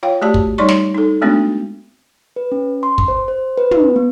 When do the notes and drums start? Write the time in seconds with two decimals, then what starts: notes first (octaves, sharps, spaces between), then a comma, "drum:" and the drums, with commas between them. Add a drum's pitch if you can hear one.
0.03 F4 C#5 F5 G5
0.22 A3 F#4 G4 D5 A5
0.34 drum: kick
0.58 G3 D#4 C#5 D5 C6 C#6
0.68 drum: snare
0.95 D#4 A4
1.22 G#3 A3 B3 C4 D4 F#4
2.36 B4
2.52 C#4
2.83 C6
2.98 drum: kick
3.08 C5
3.28 C5
3.58 B4
3.71 drum: tom
3.96 B3